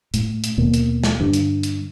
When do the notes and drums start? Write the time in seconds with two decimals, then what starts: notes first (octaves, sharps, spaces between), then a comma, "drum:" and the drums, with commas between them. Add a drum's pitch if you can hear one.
0.14 A2, drum: hi-hat
0.44 drum: hi-hat
0.57 D#2 B2 A#3
0.74 drum: hi-hat
1.04 drum: snare
1.20 G2 D3
1.33 drum: hi-hat
1.63 drum: hi-hat